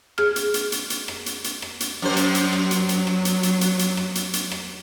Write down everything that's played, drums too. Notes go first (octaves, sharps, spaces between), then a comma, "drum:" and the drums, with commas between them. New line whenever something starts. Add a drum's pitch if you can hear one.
G#4 F6, drum: rim click
drum: hi-hat
drum: hi-hat
drum: hi-hat
drum: hi-hat
drum: rim click
drum: hi-hat
drum: hi-hat
drum: rim click
drum: hi-hat
F#2 F#3 C5
drum: hi-hat
drum: hi-hat
drum: rim click
drum: hi-hat
drum: hi-hat
drum: rim click
drum: hi-hat
drum: hi-hat
drum: hi-hat
drum: hi-hat
drum: rim click
drum: hi-hat
drum: hi-hat
drum: rim click